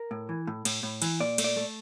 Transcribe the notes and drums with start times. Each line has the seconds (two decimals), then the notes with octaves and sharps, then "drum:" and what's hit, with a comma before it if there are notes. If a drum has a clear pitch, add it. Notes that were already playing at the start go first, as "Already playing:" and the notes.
Already playing: A#4
0.11 A2
0.29 E3
0.47 A2
0.65 A2, drum: cymbal
0.83 A2
1.02 E3, drum: cymbal
1.20 A#2 D5
1.38 A3, drum: cymbal
1.44 D5
1.57 A3